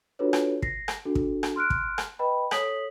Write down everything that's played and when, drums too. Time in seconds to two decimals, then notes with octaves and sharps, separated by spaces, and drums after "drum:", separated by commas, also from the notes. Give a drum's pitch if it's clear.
0.19 D4 F4 F#4 A4 B4 C#5
0.33 drum: rim click
0.62 A#6 C7, drum: kick
0.88 drum: rim click
1.05 D4 F#4 A4
1.15 drum: kick
1.43 drum: rim click
1.56 C6 F6 F#6 D7
1.70 drum: kick
1.98 drum: rim click
2.19 B4 D#5 G5 B5
2.51 A4 C#5 D#6 B6 F#7, drum: rim click